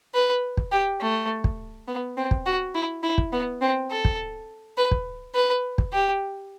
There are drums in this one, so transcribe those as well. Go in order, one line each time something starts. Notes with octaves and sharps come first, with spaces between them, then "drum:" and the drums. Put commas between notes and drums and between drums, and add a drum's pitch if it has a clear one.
B4
drum: kick
G4
A3
drum: kick
B3
C4
drum: kick
F#4
E4
E4
drum: kick
B3
C4
A4
drum: kick
B4
drum: kick
B4
drum: kick
G4